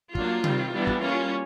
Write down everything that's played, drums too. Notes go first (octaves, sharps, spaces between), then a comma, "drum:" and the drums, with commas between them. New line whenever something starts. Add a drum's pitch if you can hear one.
F#3 A#3 D4 F4, drum: kick
D#3 G3 C4, drum: tom C3
E3 G3 B3 D4
drum: kick
G3 A#3 C#4 F4